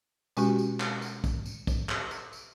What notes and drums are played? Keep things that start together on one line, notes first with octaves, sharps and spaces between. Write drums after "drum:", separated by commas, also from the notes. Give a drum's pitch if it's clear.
B2 G#3 C#4 F#4 G4, drum: tambourine
drum: tambourine
drum: clap
drum: tambourine
drum: kick, tambourine
drum: tambourine
drum: kick, tambourine
drum: clap
drum: tambourine
drum: tambourine